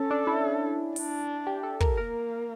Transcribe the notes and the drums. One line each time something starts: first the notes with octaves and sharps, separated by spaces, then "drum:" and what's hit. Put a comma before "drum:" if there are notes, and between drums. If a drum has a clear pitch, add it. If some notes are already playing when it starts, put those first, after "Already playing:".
Already playing: C#4 A4
D4
E4
D4, drum: open hi-hat
G4
A4
A#4, drum: kick
A#3 A#4